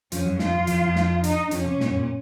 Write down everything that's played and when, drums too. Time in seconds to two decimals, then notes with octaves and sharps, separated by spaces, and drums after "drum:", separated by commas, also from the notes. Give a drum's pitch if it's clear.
0.12 F2 F3 C#4, drum: hi-hat
0.25 F#2 F#3
0.39 F2 F3 F4, drum: snare
0.54 F2 F3
0.67 F2 F3, drum: hi-hat
0.82 F2 F3
0.96 drum: snare
1.24 D#4, drum: hi-hat
1.51 F2 F3 C#4, drum: hi-hat
1.66 C3
1.80 A#2, drum: snare
1.90 F#2
1.99 A#2